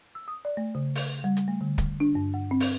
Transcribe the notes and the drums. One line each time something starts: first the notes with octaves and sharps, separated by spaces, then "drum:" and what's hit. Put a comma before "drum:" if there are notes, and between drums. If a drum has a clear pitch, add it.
E6
D#6
D5
A3
C#3
drum: open hi-hat
G3
drum: hi-hat
A3
D3
drum: kick D1, hi-hat
D4
G2
F#5
C4
drum: open hi-hat